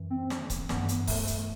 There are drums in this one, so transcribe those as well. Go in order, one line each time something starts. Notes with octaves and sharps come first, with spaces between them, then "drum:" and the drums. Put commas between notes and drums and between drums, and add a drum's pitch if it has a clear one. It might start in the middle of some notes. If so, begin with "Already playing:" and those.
Already playing: F#2 E3
C4
drum: snare
drum: kick C#1, hi-hat
G2 E3 B3, drum: snare
drum: hi-hat
A3, drum: kick C#1, open hi-hat
A3, drum: hi-hat